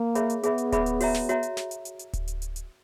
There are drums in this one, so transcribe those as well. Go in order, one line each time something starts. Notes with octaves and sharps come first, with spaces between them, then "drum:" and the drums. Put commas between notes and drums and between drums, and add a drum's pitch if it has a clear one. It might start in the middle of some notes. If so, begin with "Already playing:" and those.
Already playing: A#3
G#4 C#5 E5 B5, drum: hi-hat
drum: hi-hat
B3 G#4 C#5 E5 B5, drum: hi-hat
drum: hi-hat
G#4 C#5 E5 B5, drum: kick D1, hi-hat
drum: hi-hat
F#4 C#5 E5 A#5, drum: open hi-hat
drum: snare
F#4 C#5 E5 A#5, drum: hi-hat
drum: hi-hat
drum: snare
drum: hi-hat
drum: hi-hat
drum: hi-hat
drum: kick D1, hi-hat
drum: hi-hat
drum: hi-hat
drum: hi-hat